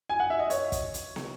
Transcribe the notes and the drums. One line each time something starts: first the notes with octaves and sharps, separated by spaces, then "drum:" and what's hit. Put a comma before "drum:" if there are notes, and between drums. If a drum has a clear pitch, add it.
G#5
F#5
E5
D#5
C#5, drum: hi-hat
drum: kick, hi-hat
drum: hi-hat
drum: snare